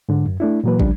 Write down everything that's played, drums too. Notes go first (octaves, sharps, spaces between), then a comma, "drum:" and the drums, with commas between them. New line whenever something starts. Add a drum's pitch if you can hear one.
G#2 D3 D4
F#2
A3 D4 E4
A#2 E3 F#3 A#3 B4
C#2 F3 G3 D4, drum: kick